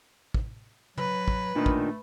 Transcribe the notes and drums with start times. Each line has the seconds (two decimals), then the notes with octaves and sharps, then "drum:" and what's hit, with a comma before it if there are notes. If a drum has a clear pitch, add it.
0.34 drum: kick
0.97 F#3 B4, drum: tom
1.28 drum: kick
1.55 A#2 D#3 A3 D4 D#4
1.66 drum: kick